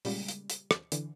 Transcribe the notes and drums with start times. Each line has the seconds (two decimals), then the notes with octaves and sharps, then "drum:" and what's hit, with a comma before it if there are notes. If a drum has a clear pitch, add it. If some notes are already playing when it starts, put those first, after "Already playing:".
0.05 A#2 C#3 G3 G#3, drum: open hi-hat
0.28 drum: hi-hat
0.50 drum: hi-hat
0.71 drum: rim click
0.92 D3 E3, drum: hi-hat